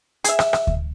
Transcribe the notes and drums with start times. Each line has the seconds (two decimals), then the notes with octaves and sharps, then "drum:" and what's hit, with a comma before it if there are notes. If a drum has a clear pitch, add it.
0.24 G#4 E5, drum: hi-hat
0.39 drum: rim click
0.53 drum: rim click
0.67 drum: kick D2